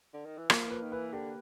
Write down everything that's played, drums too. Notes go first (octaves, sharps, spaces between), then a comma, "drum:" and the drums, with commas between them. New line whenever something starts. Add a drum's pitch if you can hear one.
D3
D#3
E3
F3 A#3, drum: rim click
E3
F3 B4
D#3
E3 B4
D3 G4